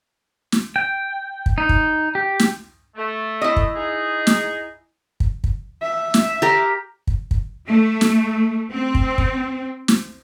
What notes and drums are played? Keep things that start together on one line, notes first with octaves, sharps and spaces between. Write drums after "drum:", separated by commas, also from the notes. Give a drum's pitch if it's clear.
drum: snare
G5
drum: kick
D#4
drum: kick
G4
drum: snare
A3
E4 D#5
drum: kick
D#4 G#4
drum: snare
drum: kick
drum: kick
E5
drum: snare
G4 A#4
drum: kick
drum: kick
A3
drum: snare
C4
drum: kick
drum: kick
drum: snare